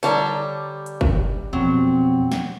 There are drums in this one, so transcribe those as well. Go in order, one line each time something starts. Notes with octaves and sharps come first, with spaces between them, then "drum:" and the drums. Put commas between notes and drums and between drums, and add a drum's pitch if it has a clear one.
D3 G3 C#5 A5 A#5, drum: tambourine
drum: hi-hat
drum: kick
F2 B2 F#3 C4
drum: snare